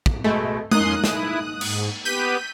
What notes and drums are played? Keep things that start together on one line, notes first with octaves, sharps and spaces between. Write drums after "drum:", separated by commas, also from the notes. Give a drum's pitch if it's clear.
drum: kick
B2 G#3 A3
F2 A#3 C#4 D#4 C6 D#6 F#6, drum: tom G#3
E4, drum: snare
G#2, drum: cymbal
B3 G4 B4 G6 B6 D#7